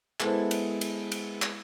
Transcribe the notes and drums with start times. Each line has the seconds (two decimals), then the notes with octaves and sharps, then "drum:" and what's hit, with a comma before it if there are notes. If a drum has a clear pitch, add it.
0.20 G#3 B3 E4 A4 C5, drum: clap
0.51 drum: cymbal
0.81 drum: cymbal
1.12 drum: cymbal
1.42 drum: clap